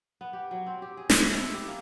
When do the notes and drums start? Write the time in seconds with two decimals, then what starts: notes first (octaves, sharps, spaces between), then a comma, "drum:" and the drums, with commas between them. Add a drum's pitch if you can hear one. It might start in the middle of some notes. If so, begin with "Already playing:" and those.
0.21 B3
0.33 G4
0.51 F#3
0.66 C4
0.82 G4
0.97 G#4
1.10 G#3, drum: snare
1.23 E4
1.37 A4
1.54 G4
1.68 A#3